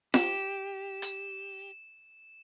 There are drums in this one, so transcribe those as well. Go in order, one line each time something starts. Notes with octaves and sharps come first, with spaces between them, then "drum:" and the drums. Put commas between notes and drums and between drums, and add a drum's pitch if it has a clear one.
G4 E7, drum: snare F4
drum: hi-hat